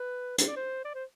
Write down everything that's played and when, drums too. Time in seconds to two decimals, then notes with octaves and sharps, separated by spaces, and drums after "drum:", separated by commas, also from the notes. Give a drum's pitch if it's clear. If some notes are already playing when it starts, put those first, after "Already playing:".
Already playing: B4
0.38 C5, drum: hi-hat
0.47 D5
0.56 C5
0.85 D5
0.95 C5